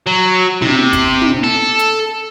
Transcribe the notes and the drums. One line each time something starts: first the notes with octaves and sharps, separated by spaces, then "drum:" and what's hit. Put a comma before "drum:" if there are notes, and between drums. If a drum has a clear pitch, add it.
F#3
C3, drum: tom
drum: kick, hi-hat
drum: tom
A4
drum: hi-hat